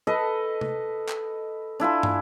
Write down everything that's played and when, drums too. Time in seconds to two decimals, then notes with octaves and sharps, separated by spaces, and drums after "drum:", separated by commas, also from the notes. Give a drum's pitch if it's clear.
0.07 A4 B4 D#5
0.61 drum: tom C3
1.09 drum: clap
1.80 D4 E4 F4 G#5
2.03 drum: tom